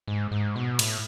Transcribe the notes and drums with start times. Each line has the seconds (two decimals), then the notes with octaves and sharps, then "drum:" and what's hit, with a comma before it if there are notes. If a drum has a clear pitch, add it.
0.07 G#2
0.31 G#2
0.56 B2
0.79 A2, drum: cymbal